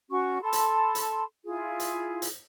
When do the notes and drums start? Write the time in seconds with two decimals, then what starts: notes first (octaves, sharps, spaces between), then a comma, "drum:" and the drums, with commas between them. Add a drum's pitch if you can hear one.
0.10 C#4 F#4 C#6
0.42 A4 A5 B5 C6
0.53 drum: hi-hat
0.95 drum: hi-hat
1.44 E4 F4 G#4
1.80 drum: hi-hat
2.22 drum: hi-hat